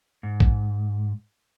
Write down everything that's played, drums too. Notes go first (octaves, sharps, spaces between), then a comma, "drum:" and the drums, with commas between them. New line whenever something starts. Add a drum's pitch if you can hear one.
G#2
drum: kick A1